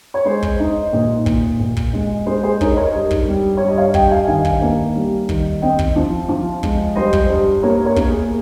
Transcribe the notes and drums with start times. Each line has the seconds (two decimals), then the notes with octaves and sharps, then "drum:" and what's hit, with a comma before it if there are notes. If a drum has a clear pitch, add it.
0.14 C#5
0.25 G#3 G#4 C5
0.43 drum: kick
0.59 D#4
0.93 A#2
1.26 A#2, drum: kick
1.60 A#2
1.77 drum: kick
1.93 G#3
2.26 G#3 G#4 C5
2.43 G#4 C5
2.61 D#4 A#4 C#5, drum: kick
2.77 A#4 C#5
2.93 G2
3.11 drum: kick
3.28 G3
3.57 G2 C#5
3.68 D#5
3.78 C#5 F5
3.94 G2 D#5 G5, drum: kick
4.11 F5 G#5
4.28 D#3 F5 G#5
4.45 drum: kick
4.62 A#3
4.95 G3
5.29 D#3, drum: kick
5.62 C4 D#5 G5
5.79 drum: kick
5.96 F3
6.29 F3
6.63 G#3, drum: kick
6.96 G3 C5 D#5
7.13 drum: kick
7.29 G2
7.63 A#3 A#4 C#5
7.85 A#4 C#5
7.96 A#3, drum: kick
8.08 G#4